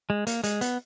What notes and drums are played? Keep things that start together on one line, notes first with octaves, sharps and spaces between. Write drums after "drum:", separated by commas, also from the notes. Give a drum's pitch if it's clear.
G#3
A#3, drum: hi-hat
G#3, drum: hi-hat
B3, drum: hi-hat